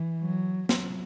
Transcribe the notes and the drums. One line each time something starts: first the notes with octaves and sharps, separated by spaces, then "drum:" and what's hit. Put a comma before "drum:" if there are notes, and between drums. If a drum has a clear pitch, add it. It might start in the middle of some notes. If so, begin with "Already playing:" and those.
Already playing: E3
F#3
F#3, drum: snare